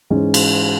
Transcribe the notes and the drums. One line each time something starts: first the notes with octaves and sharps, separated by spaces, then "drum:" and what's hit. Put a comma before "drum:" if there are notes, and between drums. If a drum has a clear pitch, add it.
G#2 E3 G#3 C#4
drum: cymbal